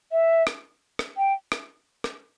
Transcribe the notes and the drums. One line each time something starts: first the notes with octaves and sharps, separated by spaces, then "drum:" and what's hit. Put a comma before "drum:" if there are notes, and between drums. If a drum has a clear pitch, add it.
E5
drum: rim click
drum: rim click
G5
drum: rim click
drum: rim click